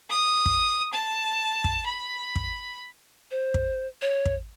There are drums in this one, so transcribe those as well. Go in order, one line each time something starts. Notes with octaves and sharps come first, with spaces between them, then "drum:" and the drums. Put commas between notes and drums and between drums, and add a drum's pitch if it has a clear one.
D#6
drum: kick
A5
drum: kick
B5
drum: kick
C5
drum: kick
C#5
drum: kick